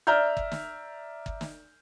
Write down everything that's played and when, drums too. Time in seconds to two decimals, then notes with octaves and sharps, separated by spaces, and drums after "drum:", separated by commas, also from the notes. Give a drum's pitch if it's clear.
0.07 D5 E5 A#5 F6 G6
0.37 drum: kick G1
0.51 drum: snare
1.26 drum: kick G1
1.41 drum: snare